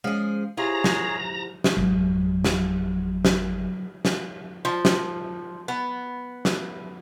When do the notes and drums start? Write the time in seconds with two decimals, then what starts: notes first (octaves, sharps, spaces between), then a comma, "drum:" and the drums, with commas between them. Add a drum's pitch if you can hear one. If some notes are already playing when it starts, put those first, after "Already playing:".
0.04 F3 G#3 C#4 G#4
0.57 E4 F4 G4 G#4 C5 C#5 A#5
0.84 drum: snare
1.64 drum: snare
1.77 G#1 F2 F#3
2.45 drum: snare
3.25 drum: snare
4.05 drum: snare
4.65 F3
4.85 drum: snare
5.68 B3
6.45 drum: snare